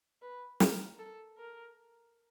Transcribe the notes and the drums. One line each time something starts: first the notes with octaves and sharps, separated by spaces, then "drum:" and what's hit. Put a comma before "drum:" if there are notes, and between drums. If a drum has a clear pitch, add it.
B4
A#4, drum: snare
A4
A#4